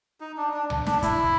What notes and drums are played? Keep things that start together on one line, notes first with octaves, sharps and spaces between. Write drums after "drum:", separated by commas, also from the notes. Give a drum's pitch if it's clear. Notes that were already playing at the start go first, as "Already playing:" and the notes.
D#4
D4
D4
drum: tom C2
D4, drum: snare
E4, drum: kick, hi-hat
drum: kick